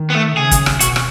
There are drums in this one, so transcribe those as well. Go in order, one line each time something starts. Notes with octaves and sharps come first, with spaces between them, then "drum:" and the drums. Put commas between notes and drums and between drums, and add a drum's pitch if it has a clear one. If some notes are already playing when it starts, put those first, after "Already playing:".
Already playing: D#3
B3
A3
C#3 G#4
drum: kick, hi-hat
drum: rim click
B2 F#4, drum: hi-hat
drum: rim click